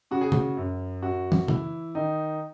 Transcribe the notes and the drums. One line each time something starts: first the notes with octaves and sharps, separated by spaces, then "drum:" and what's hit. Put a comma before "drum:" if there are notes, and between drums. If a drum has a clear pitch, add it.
C#3 F#4
G#4
F#4, drum: tom
F#2
F#2 F#4
drum: tom
E3 E4, drum: tom
D#3 D#4